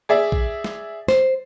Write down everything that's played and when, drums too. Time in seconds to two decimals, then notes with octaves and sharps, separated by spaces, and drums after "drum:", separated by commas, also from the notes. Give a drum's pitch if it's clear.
0.09 G#4 D5 E5
0.32 drum: kick
0.64 drum: snare
1.08 C5, drum: snare